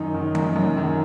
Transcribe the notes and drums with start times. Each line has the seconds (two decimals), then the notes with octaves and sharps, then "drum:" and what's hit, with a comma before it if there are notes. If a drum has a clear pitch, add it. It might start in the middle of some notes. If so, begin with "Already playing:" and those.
Already playing: F#2 D#3 D#4
0.14 D#3
0.35 F#2, drum: tom E3
0.56 F#2
0.77 D#3